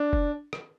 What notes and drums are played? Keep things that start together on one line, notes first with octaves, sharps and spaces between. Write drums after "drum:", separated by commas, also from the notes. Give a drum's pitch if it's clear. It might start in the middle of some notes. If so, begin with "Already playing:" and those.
Already playing: D4
drum: kick F1
drum: rim click